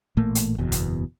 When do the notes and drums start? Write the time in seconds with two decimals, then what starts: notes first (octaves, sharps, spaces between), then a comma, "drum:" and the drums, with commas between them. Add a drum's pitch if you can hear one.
0.17 A1 A#2 A3 A#3
0.35 drum: hi-hat
0.58 F#1 E2 B2
0.72 drum: kick, hi-hat